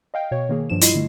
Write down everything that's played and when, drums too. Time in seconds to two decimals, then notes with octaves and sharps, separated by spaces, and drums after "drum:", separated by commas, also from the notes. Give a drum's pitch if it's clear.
0.14 D#5 F5 G5
0.31 B2 C#5
0.49 D#3 A#3 G#4
0.70 G2 F3 E7
0.81 G3 E4 F4 D#5 C7, drum: hi-hat
0.95 D3 A3